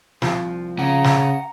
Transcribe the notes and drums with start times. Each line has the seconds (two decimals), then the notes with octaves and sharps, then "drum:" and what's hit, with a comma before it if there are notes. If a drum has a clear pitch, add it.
0.22 C2 F3 C4, drum: snare
0.79 C#3 F#5 A#5
1.04 drum: snare